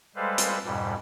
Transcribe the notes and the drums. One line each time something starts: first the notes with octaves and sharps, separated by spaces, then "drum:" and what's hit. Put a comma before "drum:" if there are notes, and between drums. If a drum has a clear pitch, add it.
G3 G#3 A4 B4 C5 F5
drum: hi-hat
F2 G#2 B2 G3